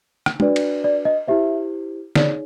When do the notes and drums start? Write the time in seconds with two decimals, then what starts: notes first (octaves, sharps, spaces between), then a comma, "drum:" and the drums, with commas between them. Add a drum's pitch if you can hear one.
0.26 drum: rim click
0.40 D4 F#4 B4 D5, drum: tom
0.56 drum: cymbal
0.84 D5
1.05 D#5
1.27 E4 G4 C5 E5
2.16 D#4 G#4 C#5 D5, drum: snare